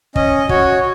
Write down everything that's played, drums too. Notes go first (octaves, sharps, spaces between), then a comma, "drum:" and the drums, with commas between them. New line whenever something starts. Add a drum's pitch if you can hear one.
C#4 D#5, drum: kick
F#4 C#5, drum: kick